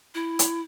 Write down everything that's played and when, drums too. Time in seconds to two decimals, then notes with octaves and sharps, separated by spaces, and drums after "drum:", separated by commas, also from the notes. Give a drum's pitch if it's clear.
0.15 E4
0.39 drum: hi-hat